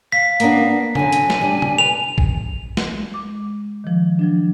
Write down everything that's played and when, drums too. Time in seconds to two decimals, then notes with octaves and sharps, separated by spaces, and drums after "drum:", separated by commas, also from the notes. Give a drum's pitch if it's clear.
0.12 F5 B6
0.40 A#3 B3 D4, drum: hi-hat
0.95 D3 F#3 G#5, drum: tom C3
1.12 drum: hi-hat
1.30 drum: snare
1.41 G3 D4
1.62 drum: tom C3
1.78 B4 G#5 F7
2.18 drum: kick A#1
2.77 drum: snare
3.10 G#3 D6
3.84 D#3 F3
4.19 F3 F#3 D4